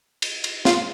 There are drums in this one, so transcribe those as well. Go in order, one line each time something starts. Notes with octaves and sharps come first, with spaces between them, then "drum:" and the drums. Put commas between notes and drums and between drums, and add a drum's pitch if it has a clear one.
drum: cymbal
drum: cymbal
F4, drum: snare